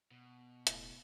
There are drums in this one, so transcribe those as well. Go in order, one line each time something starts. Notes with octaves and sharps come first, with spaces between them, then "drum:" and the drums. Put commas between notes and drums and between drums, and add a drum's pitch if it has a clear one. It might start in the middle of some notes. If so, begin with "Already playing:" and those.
B2
E1 A2, drum: hi-hat